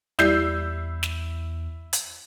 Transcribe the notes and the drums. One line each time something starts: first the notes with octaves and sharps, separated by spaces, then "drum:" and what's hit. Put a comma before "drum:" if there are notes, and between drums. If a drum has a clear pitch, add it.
E2 G3 E4 G4 D5 E6 G6 C7, drum: snare
drum: snare
drum: hi-hat